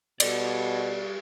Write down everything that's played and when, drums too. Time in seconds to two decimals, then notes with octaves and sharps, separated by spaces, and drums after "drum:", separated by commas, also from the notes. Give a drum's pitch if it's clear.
0.20 B2 G3 A4 D5, drum: cymbal